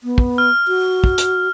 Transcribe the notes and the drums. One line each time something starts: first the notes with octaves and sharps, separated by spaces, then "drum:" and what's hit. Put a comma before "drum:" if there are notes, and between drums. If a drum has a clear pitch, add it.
B3
drum: kick
F6
F#4
drum: kick
drum: hi-hat